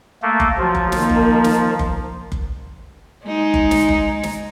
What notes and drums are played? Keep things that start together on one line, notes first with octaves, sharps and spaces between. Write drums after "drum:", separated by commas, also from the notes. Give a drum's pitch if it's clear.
A3 A#3
drum: kick F#1
F3 F#3
drum: kick F#1
D#3 A#3, drum: snare
drum: kick F#1
drum: snare
drum: kick F#1
drum: kick F#1
G#3 D#4
drum: kick F#1
drum: snare
drum: kick F#1
drum: snare